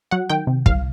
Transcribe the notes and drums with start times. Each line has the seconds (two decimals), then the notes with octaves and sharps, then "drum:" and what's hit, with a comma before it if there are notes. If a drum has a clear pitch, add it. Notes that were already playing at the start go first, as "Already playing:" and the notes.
0.11 F#3 F#5
0.30 D#3 G5
0.47 C3
0.66 C2 F5, drum: kick